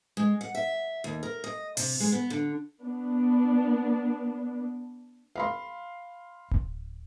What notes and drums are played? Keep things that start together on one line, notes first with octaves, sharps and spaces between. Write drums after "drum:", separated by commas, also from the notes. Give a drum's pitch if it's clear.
G#3
F#5
E5
D#2
A#4
D#5
C3, drum: open hi-hat
G#3
B3
D3
B3 D4
F5 B5 C6
drum: kick D1